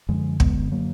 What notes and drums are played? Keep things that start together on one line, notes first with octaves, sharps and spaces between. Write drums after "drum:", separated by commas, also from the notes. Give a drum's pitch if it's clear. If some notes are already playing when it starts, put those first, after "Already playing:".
F#2 D3 F3 G#3
G#3 B3, drum: kick
F#3 A#3